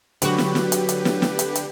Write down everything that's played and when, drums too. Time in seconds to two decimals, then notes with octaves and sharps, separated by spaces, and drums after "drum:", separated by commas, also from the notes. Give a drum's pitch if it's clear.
0.22 D3 F#3 F#4 G4 B4, drum: hi-hat
0.38 drum: snare
0.55 drum: snare
0.72 drum: hi-hat
0.89 drum: hi-hat
1.05 drum: snare
1.22 drum: snare
1.39 drum: hi-hat
1.55 drum: hi-hat